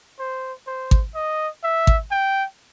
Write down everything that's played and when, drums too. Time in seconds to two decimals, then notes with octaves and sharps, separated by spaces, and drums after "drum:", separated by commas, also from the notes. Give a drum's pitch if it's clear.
0.19 C5
0.67 C5
0.91 drum: kick G#1
1.15 D#5
1.63 E5
1.87 drum: kick G#1
2.11 G5